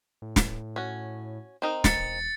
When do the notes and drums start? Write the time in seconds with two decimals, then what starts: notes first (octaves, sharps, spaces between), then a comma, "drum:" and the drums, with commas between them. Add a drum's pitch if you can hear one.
0.22 A2
0.36 drum: snare
0.76 C#4 F#4
1.62 C4 D#4 A#4
1.84 E1 A6 C#7, drum: snare